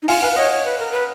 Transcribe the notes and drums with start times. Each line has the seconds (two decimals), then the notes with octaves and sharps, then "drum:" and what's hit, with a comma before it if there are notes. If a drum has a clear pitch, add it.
0.03 D#4
0.08 F4 F5 G#5, drum: open hi-hat
0.22 B4 F5 G#5
0.32 B4
0.36 C#5 D#5 F#5
0.52 C#5
0.65 B4
0.79 A#4
0.92 B4